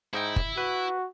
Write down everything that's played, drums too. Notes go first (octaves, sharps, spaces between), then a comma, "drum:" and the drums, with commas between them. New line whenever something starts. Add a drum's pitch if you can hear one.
G#2 D#4 E4 G5
drum: kick
F#4 B4